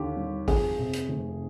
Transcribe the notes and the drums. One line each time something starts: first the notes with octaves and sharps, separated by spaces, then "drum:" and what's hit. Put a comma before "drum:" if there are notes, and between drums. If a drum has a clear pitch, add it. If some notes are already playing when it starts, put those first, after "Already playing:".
Already playing: D#2 D3 G4
G3
F2 G#4, drum: kick G#1, open hi-hat
C3
drum: hi-hat
F1